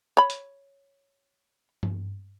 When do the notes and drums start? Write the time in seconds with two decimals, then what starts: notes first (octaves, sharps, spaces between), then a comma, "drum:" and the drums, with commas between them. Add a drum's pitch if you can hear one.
0.17 C#5 B5
0.30 drum: hi-hat
1.83 drum: tom G2